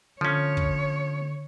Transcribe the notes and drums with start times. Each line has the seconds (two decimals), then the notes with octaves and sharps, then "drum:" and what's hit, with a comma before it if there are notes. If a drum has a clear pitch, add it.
0.21 D3 F3 C#4 C#5
0.57 drum: kick